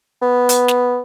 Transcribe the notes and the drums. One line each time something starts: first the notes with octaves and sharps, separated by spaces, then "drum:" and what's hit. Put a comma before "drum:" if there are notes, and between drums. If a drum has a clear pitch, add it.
B3
drum: hi-hat
drum: snare